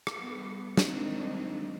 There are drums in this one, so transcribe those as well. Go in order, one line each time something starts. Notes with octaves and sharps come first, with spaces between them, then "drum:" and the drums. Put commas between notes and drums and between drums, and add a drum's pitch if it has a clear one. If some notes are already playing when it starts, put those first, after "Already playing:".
drum: rim click
G3 B3
D#3 G#3 C4 D4 D#4, drum: snare